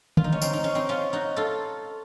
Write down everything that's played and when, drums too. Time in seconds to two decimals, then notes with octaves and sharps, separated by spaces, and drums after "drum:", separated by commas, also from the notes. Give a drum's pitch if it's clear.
0.17 F4, drum: tom
0.24 D#4
0.32 C#4
0.42 C4 D#4, drum: tambourine
0.53 D#4
0.64 C#4
0.75 C4 D#4
0.89 C#4 F4
1.13 D#4 F#4
1.36 F4 A4